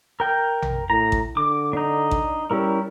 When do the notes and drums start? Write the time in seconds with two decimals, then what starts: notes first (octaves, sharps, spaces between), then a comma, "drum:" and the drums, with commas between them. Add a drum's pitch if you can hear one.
0.20 A#4 G5
0.62 drum: tom A#1
0.90 A2 A#5
1.12 drum: kick A1
1.37 D3 D6
1.73 D4 D#4
2.11 drum: kick A1
2.51 G3 C#4 E4 A#4